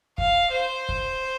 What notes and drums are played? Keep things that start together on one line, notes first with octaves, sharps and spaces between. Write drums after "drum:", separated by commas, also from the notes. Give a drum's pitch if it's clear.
F5, drum: kick
C5
drum: kick